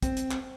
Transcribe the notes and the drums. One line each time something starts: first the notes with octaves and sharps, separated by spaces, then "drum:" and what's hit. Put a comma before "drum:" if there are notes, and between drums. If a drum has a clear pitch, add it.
C4, drum: kick, hi-hat
drum: hi-hat
drum: clap